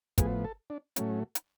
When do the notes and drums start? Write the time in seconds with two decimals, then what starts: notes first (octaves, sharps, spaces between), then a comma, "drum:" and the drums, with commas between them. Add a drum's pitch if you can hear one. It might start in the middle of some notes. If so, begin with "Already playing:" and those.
0.18 A2 F3 B3 G#4, drum: kick, hi-hat
0.45 A4
0.70 D4
0.96 A2 F#3 A3 C#4, drum: hi-hat
1.35 drum: hi-hat